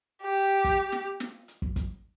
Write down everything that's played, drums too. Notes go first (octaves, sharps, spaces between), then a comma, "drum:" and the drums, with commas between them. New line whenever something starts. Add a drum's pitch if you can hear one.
G4
drum: kick, hi-hat
drum: snare
drum: snare
drum: hi-hat
drum: kick
drum: kick, hi-hat